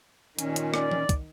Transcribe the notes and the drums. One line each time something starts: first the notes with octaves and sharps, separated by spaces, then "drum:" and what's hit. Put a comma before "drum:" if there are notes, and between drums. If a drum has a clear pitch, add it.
A#2 D#3 C#4, drum: hi-hat
drum: hi-hat
D5, drum: rim click
drum: tom E3
drum: kick, hi-hat